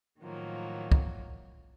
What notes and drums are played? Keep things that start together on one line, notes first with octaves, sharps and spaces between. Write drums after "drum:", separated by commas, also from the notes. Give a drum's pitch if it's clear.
A2 D#3 F3 F#3 A#3
drum: kick